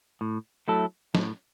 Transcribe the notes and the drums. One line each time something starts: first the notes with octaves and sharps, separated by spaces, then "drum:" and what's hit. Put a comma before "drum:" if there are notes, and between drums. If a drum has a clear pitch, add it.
A2
F#3 A3 E4 A4
A2, drum: snare